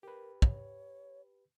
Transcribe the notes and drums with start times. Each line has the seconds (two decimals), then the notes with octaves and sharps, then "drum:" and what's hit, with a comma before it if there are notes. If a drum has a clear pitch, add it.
0.03 G4 A#4 B4
0.42 C#5, drum: kick